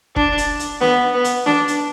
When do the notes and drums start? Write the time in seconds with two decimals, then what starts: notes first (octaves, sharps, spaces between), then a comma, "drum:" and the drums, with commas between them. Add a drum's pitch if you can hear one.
0.16 D4, drum: kick
0.38 drum: hi-hat
0.59 drum: hi-hat
0.81 B3, drum: snare D4
1.14 B3
1.24 drum: hi-hat
1.46 D4, drum: snare D4
1.68 drum: hi-hat